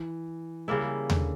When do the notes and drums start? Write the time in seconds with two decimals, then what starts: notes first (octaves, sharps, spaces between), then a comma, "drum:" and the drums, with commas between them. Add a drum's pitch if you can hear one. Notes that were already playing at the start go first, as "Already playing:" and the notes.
Already playing: E3
0.68 C#3 G3 A#3 E4
1.10 D3, drum: tom D#2